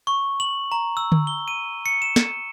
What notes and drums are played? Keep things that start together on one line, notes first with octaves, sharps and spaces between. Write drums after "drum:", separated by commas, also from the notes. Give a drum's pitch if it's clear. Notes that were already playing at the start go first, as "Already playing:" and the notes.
C#6
F#7
A#5
E6
drum: tom D3
G7
D#7
C#7
E7
drum: snare